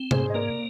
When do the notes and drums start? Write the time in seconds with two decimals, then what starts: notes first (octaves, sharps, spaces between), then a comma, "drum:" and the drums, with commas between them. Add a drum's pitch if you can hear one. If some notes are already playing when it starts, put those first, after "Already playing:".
Already playing: C4
0.11 G#2 G#4 C5, drum: tom C3
0.30 D#5
0.34 A#3 A#4 D5